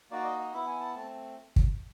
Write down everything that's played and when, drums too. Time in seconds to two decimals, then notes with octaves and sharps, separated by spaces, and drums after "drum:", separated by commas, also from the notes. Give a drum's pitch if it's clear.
0.11 A#3 D#4 F#4 D5
0.24 D#5
0.39 D#5
0.53 B3 E4 E5
0.67 G#5
0.80 A5
0.94 A3 C4 A5
1.56 drum: kick